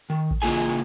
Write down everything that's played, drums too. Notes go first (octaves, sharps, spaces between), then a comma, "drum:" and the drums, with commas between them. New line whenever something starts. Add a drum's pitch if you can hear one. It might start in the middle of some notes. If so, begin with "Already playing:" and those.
D#3
drum: kick A1
C#3 E3 A#3 F4 G#4 G#5